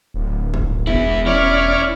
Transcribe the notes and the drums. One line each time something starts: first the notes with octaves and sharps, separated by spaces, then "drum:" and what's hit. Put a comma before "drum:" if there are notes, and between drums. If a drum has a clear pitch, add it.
D1
drum: kick G#1
E1 E2 E4, drum: kick G#1
C#4 E4 D5 F6